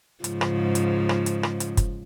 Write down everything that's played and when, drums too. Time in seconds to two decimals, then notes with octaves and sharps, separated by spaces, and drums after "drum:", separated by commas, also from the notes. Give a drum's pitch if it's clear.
0.24 G#2 C#3 F3, drum: hi-hat
0.41 drum: rim click
0.75 drum: hi-hat
1.09 drum: rim click
1.26 drum: hi-hat
1.43 drum: rim click
1.60 drum: hi-hat
1.77 drum: kick, hi-hat